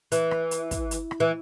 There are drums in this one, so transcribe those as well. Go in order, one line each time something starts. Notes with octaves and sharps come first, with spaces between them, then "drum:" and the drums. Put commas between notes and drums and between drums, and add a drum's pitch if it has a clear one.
E3, drum: hi-hat
drum: rim click
drum: hi-hat
drum: kick, hi-hat
drum: hi-hat
drum: rim click
E3